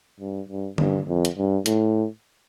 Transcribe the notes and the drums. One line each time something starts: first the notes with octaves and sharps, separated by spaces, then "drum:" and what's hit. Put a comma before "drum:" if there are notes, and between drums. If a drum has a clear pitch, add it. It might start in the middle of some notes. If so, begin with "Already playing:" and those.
G2
G2
G2, drum: tom D3
F2
drum: hi-hat
G2
A2, drum: hi-hat